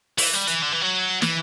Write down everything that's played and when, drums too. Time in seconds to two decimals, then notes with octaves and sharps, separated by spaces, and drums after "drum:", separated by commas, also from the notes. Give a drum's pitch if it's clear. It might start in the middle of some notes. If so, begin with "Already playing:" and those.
0.18 E3, drum: open hi-hat
0.33 G3
0.47 E3, drum: hi-hat
0.62 D3
0.72 E3
0.81 F#3
1.22 E3, drum: snare